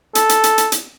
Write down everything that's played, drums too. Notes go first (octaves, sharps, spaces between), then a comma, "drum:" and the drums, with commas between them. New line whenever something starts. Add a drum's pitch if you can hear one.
A4, drum: hi-hat
drum: hi-hat
drum: hi-hat
drum: hi-hat
drum: hi-hat